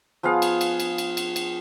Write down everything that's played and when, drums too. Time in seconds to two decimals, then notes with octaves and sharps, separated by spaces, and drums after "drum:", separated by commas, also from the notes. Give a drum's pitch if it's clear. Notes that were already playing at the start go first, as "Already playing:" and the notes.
0.23 F3 B3 G#4 F5
0.42 drum: cymbal
0.61 drum: cymbal
0.80 drum: cymbal
0.98 drum: cymbal
1.17 drum: cymbal
1.36 drum: cymbal